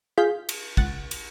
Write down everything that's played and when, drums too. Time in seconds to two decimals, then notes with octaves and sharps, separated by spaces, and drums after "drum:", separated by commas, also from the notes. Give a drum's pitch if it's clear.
0.17 F4 G#4 F5 G6 B6
0.49 drum: cymbal
0.77 C#2 F#5 A6, drum: kick
1.11 drum: cymbal